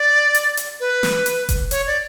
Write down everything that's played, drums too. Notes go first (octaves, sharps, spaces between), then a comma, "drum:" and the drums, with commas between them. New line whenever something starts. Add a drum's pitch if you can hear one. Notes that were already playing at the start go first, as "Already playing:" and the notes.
Already playing: D5
drum: hi-hat
drum: hi-hat
B4
drum: snare
drum: hi-hat
drum: kick F1, hi-hat
C#5, drum: hi-hat
D5